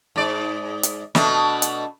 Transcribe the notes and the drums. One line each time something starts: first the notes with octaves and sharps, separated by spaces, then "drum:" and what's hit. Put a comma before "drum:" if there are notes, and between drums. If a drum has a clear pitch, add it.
G#2 D5
drum: hi-hat
B2 A3 D4, drum: snare
drum: hi-hat